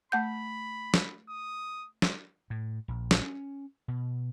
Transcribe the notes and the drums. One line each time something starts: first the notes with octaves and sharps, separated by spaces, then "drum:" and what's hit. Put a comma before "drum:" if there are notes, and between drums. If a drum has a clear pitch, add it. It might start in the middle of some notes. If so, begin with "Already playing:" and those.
A3 F#5 B5 G6
drum: snare
D#6
drum: snare
A2
A#1
drum: snare
C#4
B2